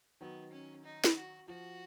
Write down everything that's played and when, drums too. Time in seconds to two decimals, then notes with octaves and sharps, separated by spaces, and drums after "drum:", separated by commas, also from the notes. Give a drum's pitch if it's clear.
0.21 D#3 F#3 B3
0.52 C#4
0.85 D#4
1.04 drum: snare
1.17 F#4
1.48 F3 F#4